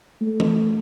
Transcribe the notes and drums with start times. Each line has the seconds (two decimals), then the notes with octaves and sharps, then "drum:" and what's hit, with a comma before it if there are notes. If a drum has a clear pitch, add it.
0.21 A3
0.40 drum: tom E3